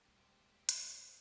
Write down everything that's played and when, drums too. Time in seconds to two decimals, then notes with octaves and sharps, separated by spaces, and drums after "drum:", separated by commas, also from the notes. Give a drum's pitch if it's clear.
0.06 D#1 G#3 G4 C5
0.69 drum: hi-hat